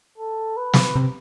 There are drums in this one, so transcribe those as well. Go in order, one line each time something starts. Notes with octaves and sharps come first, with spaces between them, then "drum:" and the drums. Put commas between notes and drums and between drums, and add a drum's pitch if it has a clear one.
A4
B4
drum: snare
C3